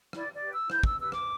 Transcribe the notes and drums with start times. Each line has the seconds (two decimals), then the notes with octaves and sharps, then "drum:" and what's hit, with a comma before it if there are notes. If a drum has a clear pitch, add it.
0.13 E4 D5, drum: rim click
0.32 D5
0.42 G4 B4
0.51 E6
0.70 E4 G6, drum: rim click
0.83 E6, drum: kick
0.98 G4 B4 E6
1.12 D6, drum: rim click